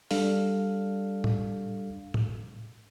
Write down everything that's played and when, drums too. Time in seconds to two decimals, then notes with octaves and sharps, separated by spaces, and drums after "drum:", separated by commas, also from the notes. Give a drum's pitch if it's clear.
0.11 G3 D4 A4 F5, drum: open hi-hat
1.24 drum: tom A2
2.14 drum: tom A2